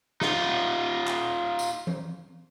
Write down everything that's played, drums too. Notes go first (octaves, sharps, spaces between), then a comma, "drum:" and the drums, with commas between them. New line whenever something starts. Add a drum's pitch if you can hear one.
D#4 F4, drum: snare
drum: clap
drum: tambourine
drum: tom E3